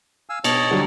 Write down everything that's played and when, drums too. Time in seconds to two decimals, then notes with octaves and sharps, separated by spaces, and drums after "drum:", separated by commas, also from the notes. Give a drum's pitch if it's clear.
0.30 F5 G#5 E6
0.44 B2 C#5 D#5 A5, drum: cymbal
0.71 D3 F#3 G3